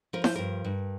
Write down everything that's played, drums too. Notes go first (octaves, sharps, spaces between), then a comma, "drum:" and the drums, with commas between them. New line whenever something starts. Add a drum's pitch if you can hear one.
F3 A#4
C5, drum: snare E4
G2 A#4
G2